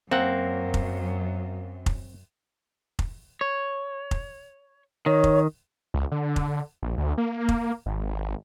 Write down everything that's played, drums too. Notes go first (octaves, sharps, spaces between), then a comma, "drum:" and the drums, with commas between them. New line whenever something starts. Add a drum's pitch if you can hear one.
F#2 A#3 C4 F#5
drum: kick F1
drum: kick F1
drum: kick F1
C#5
drum: kick F1
D#3 C#5
drum: kick F1
C#2
D3
drum: kick F1
A#1
D2
A#3
drum: kick F1
G#1